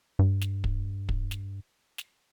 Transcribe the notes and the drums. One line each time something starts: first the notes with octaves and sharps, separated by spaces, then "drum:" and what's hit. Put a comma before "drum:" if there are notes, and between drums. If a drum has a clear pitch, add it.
G2
drum: snare
drum: kick
drum: kick
drum: snare
drum: snare